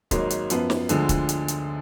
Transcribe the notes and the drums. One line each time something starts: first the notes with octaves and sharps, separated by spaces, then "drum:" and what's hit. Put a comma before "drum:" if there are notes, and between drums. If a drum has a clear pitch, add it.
G#1 G#2 F#3 A#3, drum: kick, hi-hat
drum: hi-hat
F#2 F3 B3, drum: hi-hat
drum: snare
D2 D3 F3 G#3, drum: hi-hat
drum: kick, hi-hat
drum: hi-hat
drum: hi-hat